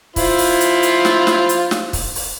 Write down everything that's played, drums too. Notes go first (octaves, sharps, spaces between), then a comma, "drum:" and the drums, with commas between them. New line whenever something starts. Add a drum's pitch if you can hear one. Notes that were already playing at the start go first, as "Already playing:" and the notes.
E4 F4 C5, drum: kick, open hi-hat
drum: open hi-hat
drum: hi-hat
drum: hi-hat
drum: snare
drum: snare
drum: hi-hat
drum: snare
drum: kick, open hi-hat
drum: open hi-hat